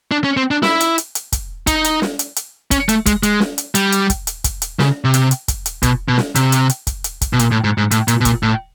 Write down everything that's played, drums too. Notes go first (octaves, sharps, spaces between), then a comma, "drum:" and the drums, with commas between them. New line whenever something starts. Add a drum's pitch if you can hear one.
D4
C#4
C4
D4
E4, drum: snare
drum: hi-hat
drum: hi-hat
drum: hi-hat
drum: kick, hi-hat
D#4, drum: kick, hi-hat
drum: hi-hat
drum: snare
drum: hi-hat
drum: hi-hat
C#4, drum: kick, hi-hat
A3, drum: hi-hat
G#3, drum: kick, hi-hat
G#3, drum: hi-hat
drum: snare
drum: hi-hat
G3, drum: hi-hat
drum: hi-hat
drum: kick, hi-hat
drum: hi-hat
drum: kick, hi-hat
drum: hi-hat
C#3, drum: snare
C3
drum: hi-hat
drum: hi-hat
drum: kick, hi-hat
drum: hi-hat
B2, drum: kick, hi-hat
B2
drum: snare
C3, drum: hi-hat
drum: hi-hat
drum: hi-hat
drum: kick, hi-hat
drum: hi-hat
drum: kick, hi-hat
B2
A#2, drum: hi-hat
A2
G#2
G#2
A2, drum: hi-hat
A#2, drum: hi-hat
B2
A#2, drum: kick, hi-hat
A2